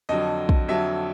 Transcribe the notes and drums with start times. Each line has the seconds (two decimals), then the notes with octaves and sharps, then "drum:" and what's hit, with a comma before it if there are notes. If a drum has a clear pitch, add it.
0.09 F2 D3 F#3 D#5
0.49 drum: kick
0.68 F2 D3 F#3 E5